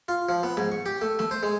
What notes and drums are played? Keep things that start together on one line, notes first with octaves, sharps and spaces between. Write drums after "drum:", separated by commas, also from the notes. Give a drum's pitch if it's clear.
F4
F3
B3
G#2, drum: tom
C#6
G4
A3
A3, drum: snare
C5
G#3